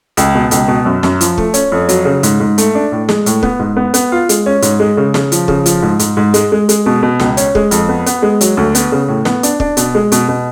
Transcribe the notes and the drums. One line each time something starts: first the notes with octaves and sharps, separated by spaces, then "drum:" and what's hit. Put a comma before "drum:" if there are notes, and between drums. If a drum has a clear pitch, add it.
C#2, drum: hi-hat
B2
C#2, drum: hi-hat
B2
F#2
F#2, drum: snare
F3, drum: hi-hat
A3, drum: kick
C#4, drum: hi-hat
F2
F#3, drum: hi-hat
C#3
G#2, drum: hi-hat
G#2
A3, drum: hi-hat
D4
A2
G#3, drum: snare
A2, drum: hi-hat
B3, drum: kick
G#2
B3
B3, drum: hi-hat
F4
G#3, drum: hi-hat
C#4
G#2, drum: hi-hat
G#3
C#3
C#3, drum: snare
F3, drum: hi-hat
C#3, drum: kick
F3, drum: hi-hat
G#2
G#2, drum: hi-hat
G#2
G#3, drum: hi-hat
G#3
G#3, drum: hi-hat
B2
B2
C#2, drum: snare
C#4, drum: hi-hat
G#3, drum: kick
F2, drum: hi-hat
B3
B3, drum: hi-hat
G#3
F#3, drum: hi-hat
D2
B3, drum: hi-hat
C#3
A2
B3, drum: snare
D4, drum: hi-hat
D4, drum: kick
B2, drum: hi-hat
G#3
B2, drum: hi-hat
B2